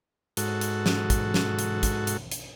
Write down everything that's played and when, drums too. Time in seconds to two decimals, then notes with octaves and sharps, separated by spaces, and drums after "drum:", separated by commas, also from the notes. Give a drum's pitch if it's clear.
0.37 G#2 F#4 A4, drum: hi-hat
0.61 drum: hi-hat
0.86 drum: snare
1.10 drum: kick, hi-hat
1.34 drum: snare
1.59 drum: hi-hat
1.83 drum: kick, hi-hat
2.07 drum: hi-hat
2.31 drum: hi-hat